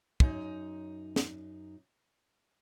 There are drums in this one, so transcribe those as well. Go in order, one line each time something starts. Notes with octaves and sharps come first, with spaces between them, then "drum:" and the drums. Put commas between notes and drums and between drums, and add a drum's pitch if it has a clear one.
F#2 D#4, drum: kick
drum: snare